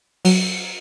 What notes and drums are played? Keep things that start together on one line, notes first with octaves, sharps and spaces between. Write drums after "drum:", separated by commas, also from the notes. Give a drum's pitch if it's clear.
F#3, drum: open hi-hat